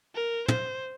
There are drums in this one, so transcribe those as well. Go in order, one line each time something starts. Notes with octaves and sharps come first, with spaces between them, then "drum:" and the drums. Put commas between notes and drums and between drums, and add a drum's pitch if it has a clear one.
A#4
C5, drum: tom